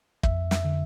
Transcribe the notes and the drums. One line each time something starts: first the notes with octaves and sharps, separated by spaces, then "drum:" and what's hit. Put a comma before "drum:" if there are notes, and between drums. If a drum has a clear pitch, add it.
F2 E5, drum: kick
E5, drum: snare
D3